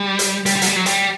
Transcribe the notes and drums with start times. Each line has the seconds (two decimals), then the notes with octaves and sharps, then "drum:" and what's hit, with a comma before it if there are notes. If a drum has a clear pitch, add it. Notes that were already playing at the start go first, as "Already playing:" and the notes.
Already playing: G3
0.19 drum: hi-hat
0.46 G3, drum: hi-hat
0.56 G3
0.62 F#3, drum: hi-hat
0.66 G3
0.76 F#3
0.86 G3, drum: hi-hat